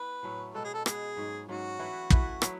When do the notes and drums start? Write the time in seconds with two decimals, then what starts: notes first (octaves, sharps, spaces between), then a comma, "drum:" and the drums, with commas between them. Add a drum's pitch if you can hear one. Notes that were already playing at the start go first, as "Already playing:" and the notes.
Already playing: B3 E4 B4
0.23 A2 F#3 A3 C#4
0.54 B2 G#3 B3 A4
0.65 G#4
0.74 A4
0.86 B2 G#3 B3 G#4, drum: rim click
1.17 G#2 F#3 C#4
1.48 G#2 F#3 C#4 F#4
1.79 E3 A3 E4 B4
2.10 E3 A3 E4 B4, drum: kick
2.42 F#3 B3 E4, drum: rim click